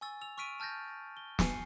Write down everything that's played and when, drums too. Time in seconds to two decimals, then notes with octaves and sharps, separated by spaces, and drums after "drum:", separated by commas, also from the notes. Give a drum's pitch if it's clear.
0.01 G#5 C#6 E6 A6
0.21 E6 F7
0.38 C#6 E6 F6 B6 D7 D#7
0.60 A5 F6 G6 A6 A#6
1.17 G7
1.39 G#5 C7 C#7, drum: snare